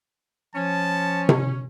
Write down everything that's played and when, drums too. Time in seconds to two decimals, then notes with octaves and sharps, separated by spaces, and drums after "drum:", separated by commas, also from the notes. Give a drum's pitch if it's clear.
0.55 F3 C#4 A5
1.29 drum: tom C3